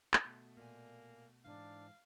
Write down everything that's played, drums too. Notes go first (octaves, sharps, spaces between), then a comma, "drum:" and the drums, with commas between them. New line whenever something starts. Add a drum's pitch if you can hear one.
drum: clap
B2 A3
A#2 A#3 G#5
G#2 E3 D4 F5